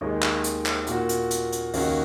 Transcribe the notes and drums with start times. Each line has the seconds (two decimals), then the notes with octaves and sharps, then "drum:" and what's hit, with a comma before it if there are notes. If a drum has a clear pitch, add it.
0.01 D#2 D#3 G#3 D#4
0.22 drum: clap
0.44 drum: hi-hat
0.66 drum: clap
0.87 A#2 A#3 F#4, drum: hi-hat
1.09 drum: hi-hat
1.31 drum: hi-hat
1.53 drum: hi-hat
1.74 D#2 C#3 A#3 D#4 F#4, drum: open hi-hat